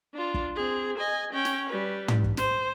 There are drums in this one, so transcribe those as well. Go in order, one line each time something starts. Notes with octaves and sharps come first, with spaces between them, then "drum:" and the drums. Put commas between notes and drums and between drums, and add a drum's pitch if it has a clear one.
D4 F4
drum: kick
C4 G#4
D#5 G#5
C#4 G5
drum: snare
G3 B4
drum: tom
drum: kick
C5, drum: snare